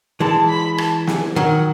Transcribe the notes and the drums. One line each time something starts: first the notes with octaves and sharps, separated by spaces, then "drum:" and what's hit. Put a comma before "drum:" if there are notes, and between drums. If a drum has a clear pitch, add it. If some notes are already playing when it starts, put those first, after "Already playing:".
E3 G#3 A5
B5
A5, drum: rim click
G#5, drum: snare
D#3 F#3 F#5